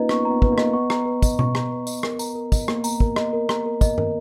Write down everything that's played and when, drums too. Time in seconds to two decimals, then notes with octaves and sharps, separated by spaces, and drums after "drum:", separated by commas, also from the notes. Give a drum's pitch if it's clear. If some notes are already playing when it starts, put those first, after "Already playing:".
Already playing: A#3 C#4 D#4 F4 B4 D#5 A#5
0.09 B3 C#6, drum: rim click
0.25 B3 A#5
0.42 B4, drum: kick
0.52 A#3
0.58 D#5, drum: rim click
0.73 B3 C#6
0.90 A#5, drum: rim click
1.06 B4
1.22 D#5, drum: kick, tambourine
1.39 C#6, drum: tom B2
1.55 A#5, drum: rim click
1.71 B4
1.87 D#5, drum: tambourine
2.03 A#4, drum: rim click
2.19 A#5, drum: tambourine
2.35 A#4
2.52 D#5, drum: kick, tambourine
2.68 A#3 A#4, drum: rim click
2.84 A#5, drum: tambourine
3.00 A#4, drum: kick
3.16 D#5, drum: rim click
3.33 A#4
3.49 A#5, drum: rim click
3.66 A#4
3.81 D#5, drum: kick, tambourine
3.98 A#4, drum: tom